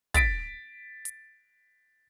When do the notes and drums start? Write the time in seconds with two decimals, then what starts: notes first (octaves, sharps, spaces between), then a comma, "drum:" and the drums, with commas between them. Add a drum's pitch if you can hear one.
0.14 A6 B6 D7, drum: kick, hi-hat
1.05 drum: hi-hat